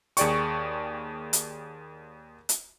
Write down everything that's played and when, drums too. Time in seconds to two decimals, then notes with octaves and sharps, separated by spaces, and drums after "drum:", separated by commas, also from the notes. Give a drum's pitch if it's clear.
0.17 D#2 G#4 D5 G5 C#6, drum: hi-hat
1.33 drum: hi-hat
2.49 drum: hi-hat